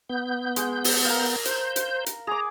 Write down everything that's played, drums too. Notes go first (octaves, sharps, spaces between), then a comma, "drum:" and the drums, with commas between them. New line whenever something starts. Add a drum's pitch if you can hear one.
B3 G6
G#3, drum: hi-hat
drum: open hi-hat
A#4 F5
C5 G6, drum: hi-hat
drum: hi-hat
drum: hi-hat
G#4 A#5 D6